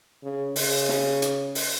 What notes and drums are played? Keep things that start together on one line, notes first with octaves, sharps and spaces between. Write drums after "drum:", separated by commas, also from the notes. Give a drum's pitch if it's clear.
C#3
C#3, drum: open hi-hat
drum: snare
drum: hi-hat
drum: open hi-hat